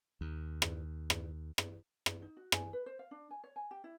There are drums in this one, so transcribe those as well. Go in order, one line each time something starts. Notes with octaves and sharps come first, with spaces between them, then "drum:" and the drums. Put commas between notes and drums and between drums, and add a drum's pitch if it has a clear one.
D#2
drum: rim click
drum: rim click
drum: rim click
drum: rim click
D#4
F#4
G#5, drum: rim click
B4
C5
F5
D4
G#5
C#5
G#5
G4
E4